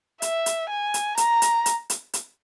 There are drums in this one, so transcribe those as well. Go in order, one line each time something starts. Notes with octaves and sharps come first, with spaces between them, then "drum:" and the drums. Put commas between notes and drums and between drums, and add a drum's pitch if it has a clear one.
E5, drum: hi-hat
drum: hi-hat
G#5
drum: hi-hat
A#5, drum: hi-hat
drum: hi-hat
drum: hi-hat
drum: hi-hat
drum: hi-hat